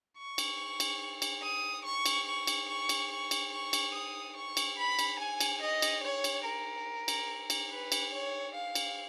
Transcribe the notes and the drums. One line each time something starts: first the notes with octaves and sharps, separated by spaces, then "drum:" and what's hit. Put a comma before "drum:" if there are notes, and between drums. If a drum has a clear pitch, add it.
C#6
drum: cymbal
drum: cymbal
drum: cymbal
D#6
C#6
drum: cymbal
C#6
drum: cymbal
C#6
drum: cymbal
C#6
drum: cymbal
C#6
drum: cymbal
D#6
C#6
drum: cymbal
B5
drum: cymbal
G#5
drum: cymbal
D#5
drum: cymbal
C#5
drum: cymbal
A#4
drum: cymbal
drum: cymbal
B4
drum: cymbal
C#5
F5
drum: cymbal